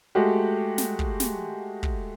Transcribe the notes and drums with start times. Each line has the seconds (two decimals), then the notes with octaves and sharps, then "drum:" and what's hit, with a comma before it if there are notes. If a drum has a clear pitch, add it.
0.15 G#3 A3 F#4 G4
0.78 drum: snare
0.99 drum: kick
1.20 drum: snare
1.83 drum: kick